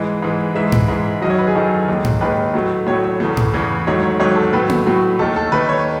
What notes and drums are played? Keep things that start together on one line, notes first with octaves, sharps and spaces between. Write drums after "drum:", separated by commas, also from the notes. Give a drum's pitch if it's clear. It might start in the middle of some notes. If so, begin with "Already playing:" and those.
Already playing: G#2 E3 G#3
G#2 E3 G#3
G#2 E3 G#3 E5
drum: tom G#2
G#2 E3 G#3
F#2 D#3 F#3 D#5
C#5
B4
G#4
F#2 D#3 F#3 A4
D#2 D#3 G#3
drum: tom G#2
D#2 D#3 G#3 B4
A2 F#3 A3
A2 F#3 A3 C#5
C#5
E2 C#3 E3 A3
drum: tom G#2
E2 C#3 E3 A3
G#2 D#3 F#3 A3 C#5
C#5
G#2 D#3 F#3 A3 C#5
A4
A2 F#3 A3 B4
drum: tom A#3
A2 F#3 A3
D#2 D#3 A3 A4
A4
D#2 D#3 A3 B4
C#5